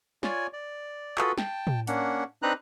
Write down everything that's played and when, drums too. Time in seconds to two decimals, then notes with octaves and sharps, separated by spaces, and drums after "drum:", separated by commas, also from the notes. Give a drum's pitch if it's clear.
0.23 F4 C#5 D5 G#5, drum: snare
0.53 D5
1.18 F4 F#4 G#4 A4 B4, drum: clap
1.38 G5 A5, drum: snare
1.67 drum: tom
1.87 A#3 C#4 D4 F#5, drum: hi-hat
2.42 C4 D4 D#4 B4 A#5 F#6